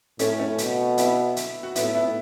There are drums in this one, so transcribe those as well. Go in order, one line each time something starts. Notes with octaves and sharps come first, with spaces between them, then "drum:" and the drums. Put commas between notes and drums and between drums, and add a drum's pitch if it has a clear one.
A2 A3 C#4, drum: hi-hat
A3 C#4
B2, drum: hi-hat
B3 E4, drum: hi-hat
drum: hi-hat
F#4
A2 B3 E4, drum: hi-hat
B3 E4